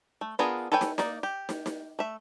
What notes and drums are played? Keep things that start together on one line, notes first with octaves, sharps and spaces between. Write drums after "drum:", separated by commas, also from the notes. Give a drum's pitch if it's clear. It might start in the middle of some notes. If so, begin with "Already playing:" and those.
A3
B3 D4 F4 G#4 A#4
A4 B4 C#5 G5 G#5
drum: snare
A#3 D#4 D5, drum: snare
G4
drum: snare
drum: snare
A3 E5